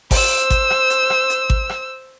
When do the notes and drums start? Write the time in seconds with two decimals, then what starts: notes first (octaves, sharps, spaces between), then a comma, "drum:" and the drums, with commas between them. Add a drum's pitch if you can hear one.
0.11 C5 E6, drum: kick G#1, open hi-hat
0.50 drum: kick G#1, hi-hat
0.70 drum: rim click
0.90 drum: hi-hat
1.10 drum: rim click
1.30 drum: hi-hat
1.50 drum: kick G#1
1.69 drum: rim click